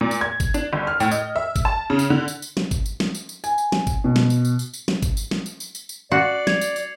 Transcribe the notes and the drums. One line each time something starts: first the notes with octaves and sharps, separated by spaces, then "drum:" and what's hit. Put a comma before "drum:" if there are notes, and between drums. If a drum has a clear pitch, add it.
A#2
drum: tambourine
G#6
drum: kick G1, tambourine
D4, drum: tambourine
G1
F6
A2, drum: tambourine
D#5, drum: tambourine
E5
drum: kick G1, tambourine
A5
C#3
drum: tambourine
D3
drum: tambourine
drum: tambourine
drum: snare
drum: kick G1, tambourine
drum: tambourine
drum: snare
drum: tambourine
drum: tambourine
G#5, drum: tambourine
drum: tambourine
drum: snare
drum: kick G1, tambourine
B2
drum: snare
drum: tambourine
drum: tambourine
drum: tambourine
drum: tambourine
drum: snare
drum: kick G1, tambourine
drum: tambourine
drum: snare
drum: tambourine
drum: tambourine
drum: tambourine
drum: tambourine
F#4 D5 C7 C#7 F#7
G#6 F7, drum: snare
drum: tambourine
drum: tambourine